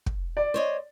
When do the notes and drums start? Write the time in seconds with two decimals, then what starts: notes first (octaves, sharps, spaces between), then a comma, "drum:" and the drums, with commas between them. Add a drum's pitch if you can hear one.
0.06 drum: kick
0.37 D5
0.54 C5 C#5 D#5